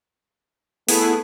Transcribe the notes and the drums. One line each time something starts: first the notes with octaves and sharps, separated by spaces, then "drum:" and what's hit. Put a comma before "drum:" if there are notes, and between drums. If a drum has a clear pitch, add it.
A3 B3 E4 G#4, drum: open hi-hat